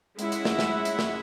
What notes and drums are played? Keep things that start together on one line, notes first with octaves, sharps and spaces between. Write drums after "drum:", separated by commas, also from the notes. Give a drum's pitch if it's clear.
G#3 C#4 E4 E5 F#5, drum: hi-hat
drum: hi-hat
drum: snare
drum: snare
drum: hi-hat
drum: snare